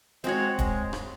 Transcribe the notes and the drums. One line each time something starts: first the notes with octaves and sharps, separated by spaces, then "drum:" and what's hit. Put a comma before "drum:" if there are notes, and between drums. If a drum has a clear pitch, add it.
G#3 C4 F#4 C#5, drum: hi-hat
G#3, drum: kick D1, hi-hat
drum: rim click